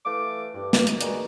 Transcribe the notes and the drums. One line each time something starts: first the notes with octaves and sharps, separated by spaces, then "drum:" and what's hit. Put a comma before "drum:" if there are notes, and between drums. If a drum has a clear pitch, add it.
E3 A3 F5 D6
G2
drum: snare
drum: hi-hat
D#3 F#4 G#4 A#4 B4 D5, drum: hi-hat